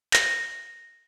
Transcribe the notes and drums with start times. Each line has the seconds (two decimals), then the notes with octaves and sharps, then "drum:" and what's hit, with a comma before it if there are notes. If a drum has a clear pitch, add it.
0.13 A#6, drum: clap